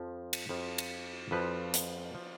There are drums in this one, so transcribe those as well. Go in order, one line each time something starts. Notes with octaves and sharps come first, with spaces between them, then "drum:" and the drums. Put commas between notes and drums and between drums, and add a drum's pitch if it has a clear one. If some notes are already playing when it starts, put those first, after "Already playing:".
Already playing: F2 F3
drum: cymbal
F2 F3
drum: cymbal
F2 F3 B4
drum: hi-hat
F3